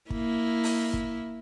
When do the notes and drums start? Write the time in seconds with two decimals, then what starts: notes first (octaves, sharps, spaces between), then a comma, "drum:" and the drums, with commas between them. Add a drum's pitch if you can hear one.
0.10 A#3 E4, drum: kick
0.64 drum: open hi-hat
0.94 drum: kick